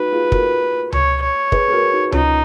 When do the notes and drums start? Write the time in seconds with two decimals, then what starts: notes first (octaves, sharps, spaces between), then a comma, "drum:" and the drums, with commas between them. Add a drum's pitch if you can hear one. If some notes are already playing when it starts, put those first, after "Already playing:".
Already playing: D#4 F#4 B4
0.12 F4 G#4
0.32 F#4 A#4, drum: kick
0.92 C#5, drum: tom C#2
1.22 C#5
1.52 G#4 B4, drum: kick
1.68 G#4
1.72 F#4 A#4
1.93 D#4 F#4
2.12 C#4 D#4 F4, drum: tom C#2